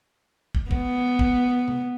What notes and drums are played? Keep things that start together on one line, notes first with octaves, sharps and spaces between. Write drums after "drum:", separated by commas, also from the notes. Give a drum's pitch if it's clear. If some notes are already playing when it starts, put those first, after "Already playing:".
drum: kick
B3, drum: kick
drum: kick
drum: tom C3